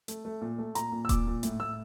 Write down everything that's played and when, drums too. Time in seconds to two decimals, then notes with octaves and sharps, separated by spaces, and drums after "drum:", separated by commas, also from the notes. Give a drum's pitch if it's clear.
0.08 A3, drum: hi-hat
0.25 A3
0.41 A#2
0.58 A3
0.75 A#2 A#5, drum: hi-hat
0.92 A#2
1.05 E6
1.09 A#2 D6, drum: kick D#1, hi-hat
1.27 A#2
1.43 A2, drum: hi-hat
1.60 A2 E6